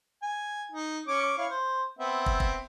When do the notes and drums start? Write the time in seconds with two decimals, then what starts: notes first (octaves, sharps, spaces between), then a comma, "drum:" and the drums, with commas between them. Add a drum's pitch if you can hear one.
0.23 G#5
0.72 D#4
1.07 C#4 C#5 D6
1.38 E4 C#5 F5
1.50 C5
1.99 B3 C4 E5
2.26 drum: kick
2.40 drum: kick